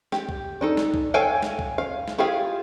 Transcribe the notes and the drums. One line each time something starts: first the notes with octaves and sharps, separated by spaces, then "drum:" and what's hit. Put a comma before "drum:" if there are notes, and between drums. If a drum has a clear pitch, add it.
G4, drum: snare
drum: kick
D4 D#4 A4
drum: snare
drum: kick
A4 C#5 F5 G5 G#5
drum: snare
drum: kick
F5
drum: snare
E4 F4 G4 G#4 F5